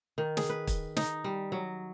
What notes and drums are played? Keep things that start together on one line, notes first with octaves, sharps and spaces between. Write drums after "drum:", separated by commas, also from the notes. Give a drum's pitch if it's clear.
D#3
G#4, drum: snare
B4
drum: kick, hi-hat
D#4, drum: snare
G3
F#3